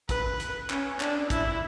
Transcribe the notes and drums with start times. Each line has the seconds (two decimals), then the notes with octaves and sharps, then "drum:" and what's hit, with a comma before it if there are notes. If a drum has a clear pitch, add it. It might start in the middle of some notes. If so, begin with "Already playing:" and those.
0.09 B4, drum: kick, hi-hat
0.40 drum: hi-hat
0.70 C#4, drum: clap
1.00 D4, drum: clap
1.30 E4, drum: kick, hi-hat